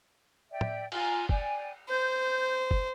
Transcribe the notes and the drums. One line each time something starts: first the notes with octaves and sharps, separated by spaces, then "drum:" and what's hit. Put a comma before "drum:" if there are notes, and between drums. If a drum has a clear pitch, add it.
D5 E5 G5
drum: tom
F4 G#5 A#5, drum: cymbal
D5 G5 G#5, drum: kick
C5 G6
drum: kick